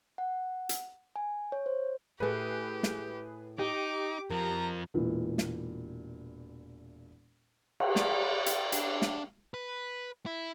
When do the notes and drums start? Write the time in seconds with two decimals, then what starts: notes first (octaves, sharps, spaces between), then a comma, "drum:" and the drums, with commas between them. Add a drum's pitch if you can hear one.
0.18 F#5
0.69 drum: hi-hat
1.16 G#5
1.52 C#5
1.66 C5
2.20 A2 A3 G4 G#4 B4
2.83 drum: snare
3.59 D#4 G4 D6
4.30 F2 F3 A#4 A#5
4.94 E1 A#2 E3
5.38 drum: snare
7.80 drum: cymbal
7.96 D5, drum: snare
8.46 drum: hi-hat
8.72 D4, drum: hi-hat
9.02 drum: snare
9.54 B4
10.26 E4